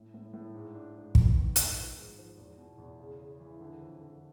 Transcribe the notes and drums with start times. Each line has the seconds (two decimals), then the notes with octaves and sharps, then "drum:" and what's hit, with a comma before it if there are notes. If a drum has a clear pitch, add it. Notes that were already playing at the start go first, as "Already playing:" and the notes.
Already playing: A2
0.14 A2
0.34 A2
0.54 G#2
0.75 D4
0.95 G#2
1.15 B3, drum: kick
1.35 D#3
1.56 B3, drum: hi-hat
1.76 F3
1.97 G#2
2.18 F3
2.38 E2
2.58 B2
2.78 E2
3.00 C#3
3.19 C#3
3.40 E3
3.61 D3
3.81 F2
4.01 D3